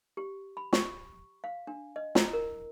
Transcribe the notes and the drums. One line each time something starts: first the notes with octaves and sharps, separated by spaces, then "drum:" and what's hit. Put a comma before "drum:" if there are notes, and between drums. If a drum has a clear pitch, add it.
G4
B5
C#6, drum: snare
F5
D4
D#5
E4, drum: snare
A#4